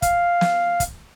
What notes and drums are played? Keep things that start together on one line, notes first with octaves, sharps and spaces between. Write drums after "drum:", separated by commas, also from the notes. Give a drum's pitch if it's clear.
F5, drum: kick, hi-hat
drum: snare
drum: kick, hi-hat